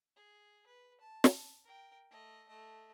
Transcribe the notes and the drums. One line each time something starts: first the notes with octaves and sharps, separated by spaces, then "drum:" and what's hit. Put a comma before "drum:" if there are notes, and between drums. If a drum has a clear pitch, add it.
G#4
B4
A5
drum: snare
A#4 G5
A3 D#5
A3 D#5